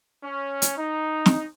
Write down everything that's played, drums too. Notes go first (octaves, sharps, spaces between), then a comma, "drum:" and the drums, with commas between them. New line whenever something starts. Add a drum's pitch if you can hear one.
C#4
drum: hi-hat
D#4
drum: snare